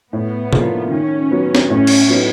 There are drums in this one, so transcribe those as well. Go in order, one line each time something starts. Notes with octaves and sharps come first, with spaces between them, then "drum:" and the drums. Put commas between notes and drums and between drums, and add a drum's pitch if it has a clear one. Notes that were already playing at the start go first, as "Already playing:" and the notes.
A2 B3
F3 A#3 D4 F4, drum: tom C3
D#3 C#4
F#3 B3
drum: snare
A2 C#4
drum: cymbal
F#3 B3 D#4